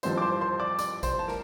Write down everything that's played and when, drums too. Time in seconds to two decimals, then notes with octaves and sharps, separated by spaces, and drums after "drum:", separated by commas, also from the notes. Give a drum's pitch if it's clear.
0.03 A1 G2 F3 C5 C6, drum: tambourine
0.18 D6
0.21 C5 C6
0.41 C5 C6
0.59 D5 D6
0.79 D5 D6, drum: tambourine
1.03 C5 C6, drum: kick G#1, tambourine
1.19 A5
1.28 A#4, drum: snare